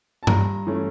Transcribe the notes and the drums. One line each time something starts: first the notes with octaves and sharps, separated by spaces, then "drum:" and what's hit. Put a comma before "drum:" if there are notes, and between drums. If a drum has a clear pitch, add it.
A5
G2 A#5, drum: tom G2
E3 A3 C#4